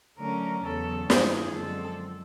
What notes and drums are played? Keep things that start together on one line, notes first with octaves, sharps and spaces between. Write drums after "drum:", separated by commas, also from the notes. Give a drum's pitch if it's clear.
D3 F#3 A3 C#4 A#4
E2 C#3 F#3 A4
G2 D#3 G3 A#3 C#4 G#4, drum: snare
F#2 D3 F3 G#3 C4 A4